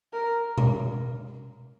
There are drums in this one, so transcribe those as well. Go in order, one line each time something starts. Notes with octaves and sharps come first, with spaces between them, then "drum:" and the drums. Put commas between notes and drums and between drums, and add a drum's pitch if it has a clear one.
A#4
drum: tom B2